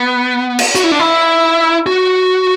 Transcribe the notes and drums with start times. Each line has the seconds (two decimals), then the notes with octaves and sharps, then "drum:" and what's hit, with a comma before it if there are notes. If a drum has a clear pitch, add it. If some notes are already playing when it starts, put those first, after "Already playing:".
Already playing: B3
0.59 drum: cymbal
0.75 F#4, drum: hi-hat
0.84 E4
0.92 D4
0.99 E4
1.86 F#4